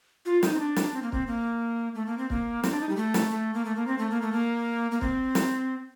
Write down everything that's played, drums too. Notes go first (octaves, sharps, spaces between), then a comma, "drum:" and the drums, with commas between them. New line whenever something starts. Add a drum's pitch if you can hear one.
F4
D#4, drum: snare
C4
D4
drum: snare
C4
A#3
C4, drum: kick
A#3
A3
A#3
C4
A#3, drum: kick
C4, drum: snare
D4
D#4
G3
A3
drum: snare
A3
A#3
A3
A#3
C4
A3
A#3
A3
A#3
A#3
C4, drum: kick
drum: snare